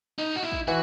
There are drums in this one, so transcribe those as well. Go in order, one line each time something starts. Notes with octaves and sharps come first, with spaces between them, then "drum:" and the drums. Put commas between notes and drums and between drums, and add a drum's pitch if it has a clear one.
D#4
F#4
E4
drum: kick
E3 F#4